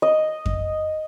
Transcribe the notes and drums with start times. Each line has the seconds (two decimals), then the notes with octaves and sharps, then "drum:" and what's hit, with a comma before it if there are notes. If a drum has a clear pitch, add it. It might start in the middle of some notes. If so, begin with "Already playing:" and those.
0.02 D#5
0.46 drum: kick F2